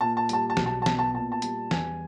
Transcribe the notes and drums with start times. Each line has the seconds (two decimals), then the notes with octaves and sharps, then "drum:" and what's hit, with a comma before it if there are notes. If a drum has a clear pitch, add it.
0.01 A#2 A5
0.17 A5
0.29 G3 A5, drum: hi-hat
0.50 A5
0.57 B1, drum: snare
0.66 A5
0.82 A5
0.86 B3, drum: snare
0.99 A5
1.14 A#2 A5
1.32 A5
1.42 G3, drum: hi-hat
1.71 E2 G#5, drum: snare